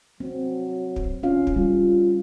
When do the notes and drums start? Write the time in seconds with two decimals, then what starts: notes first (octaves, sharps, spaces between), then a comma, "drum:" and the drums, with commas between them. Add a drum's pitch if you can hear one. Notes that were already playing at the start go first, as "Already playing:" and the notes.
0.20 F#3 C4
0.96 drum: kick
1.23 C#4 F4 F5
1.47 drum: kick
1.56 G3 F4